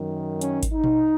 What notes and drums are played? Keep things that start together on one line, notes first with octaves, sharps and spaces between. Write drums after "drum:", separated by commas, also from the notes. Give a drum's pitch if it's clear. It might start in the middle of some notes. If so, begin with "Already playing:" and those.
Already playing: F#2 D#3
C#4, drum: hi-hat
drum: kick G#1, hi-hat
D#4
drum: tom A#2